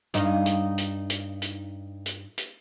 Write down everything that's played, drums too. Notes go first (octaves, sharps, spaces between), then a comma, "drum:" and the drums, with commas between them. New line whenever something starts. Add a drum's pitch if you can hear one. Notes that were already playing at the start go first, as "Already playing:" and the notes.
G2 D#4 F5, drum: hi-hat
drum: hi-hat
drum: hi-hat
drum: hi-hat
drum: hi-hat
drum: hi-hat
drum: hi-hat